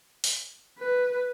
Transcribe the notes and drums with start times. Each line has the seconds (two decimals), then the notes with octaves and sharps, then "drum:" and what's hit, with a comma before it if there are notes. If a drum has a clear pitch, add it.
0.24 drum: open hi-hat
0.79 B4